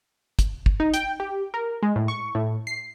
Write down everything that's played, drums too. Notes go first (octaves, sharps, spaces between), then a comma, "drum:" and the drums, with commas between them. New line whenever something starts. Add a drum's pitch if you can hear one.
drum: kick, hi-hat
drum: kick
D#4
G5, drum: hi-hat
G4
A#4
G#3
A2
C#6
A2
C7